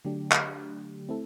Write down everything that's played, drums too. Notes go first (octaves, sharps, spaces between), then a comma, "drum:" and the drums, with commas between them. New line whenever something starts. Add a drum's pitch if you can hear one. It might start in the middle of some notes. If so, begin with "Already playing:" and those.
D3 F#3 A3 D4 G4
drum: clap
A3 C4 E4 A4